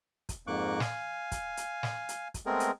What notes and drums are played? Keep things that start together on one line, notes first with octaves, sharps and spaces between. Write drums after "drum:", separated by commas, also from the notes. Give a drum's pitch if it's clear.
drum: kick, hi-hat
F2 G#2 A#3 C#6 D6 F#6
F5 G#5, drum: snare
drum: kick, hi-hat
drum: hi-hat
drum: snare
drum: hi-hat
drum: kick, hi-hat
G#3 A3 B3 C4 G#4 A#4
drum: hi-hat